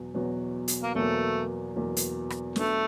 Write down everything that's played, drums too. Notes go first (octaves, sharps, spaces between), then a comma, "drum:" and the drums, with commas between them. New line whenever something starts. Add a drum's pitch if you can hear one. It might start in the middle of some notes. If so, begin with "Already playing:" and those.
Already playing: E2 B2 F#3
E2 B2 F#3
drum: hi-hat
A#3
E2 B2 F#3 A3 A#3
E2 B2 F#3 A#3
drum: hi-hat
drum: rim click
B2 F#3 A3 B3 D4, drum: snare